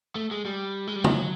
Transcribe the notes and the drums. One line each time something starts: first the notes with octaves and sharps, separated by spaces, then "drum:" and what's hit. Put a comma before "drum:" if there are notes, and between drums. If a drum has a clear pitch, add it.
A3
G#3
G3
G#3
G3
F#3, drum: tom